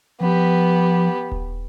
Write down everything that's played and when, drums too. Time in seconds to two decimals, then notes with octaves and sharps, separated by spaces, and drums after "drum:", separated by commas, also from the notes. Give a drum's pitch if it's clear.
0.21 F3 B3 G4
1.32 drum: kick D#1